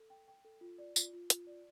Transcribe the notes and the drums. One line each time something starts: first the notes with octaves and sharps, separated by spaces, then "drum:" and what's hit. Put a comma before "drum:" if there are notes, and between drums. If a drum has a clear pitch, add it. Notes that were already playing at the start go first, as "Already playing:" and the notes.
Already playing: A4
G5
G5
A4
F4
D5
F4, drum: tambourine
F4
F4, drum: hi-hat
D5